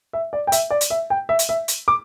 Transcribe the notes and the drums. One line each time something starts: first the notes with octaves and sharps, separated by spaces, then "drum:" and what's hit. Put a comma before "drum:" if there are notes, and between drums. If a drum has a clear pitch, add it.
E5
D5
G5
E5, drum: hi-hat
D5
drum: hi-hat
E5
G5
E5
drum: hi-hat
E5
drum: hi-hat
D6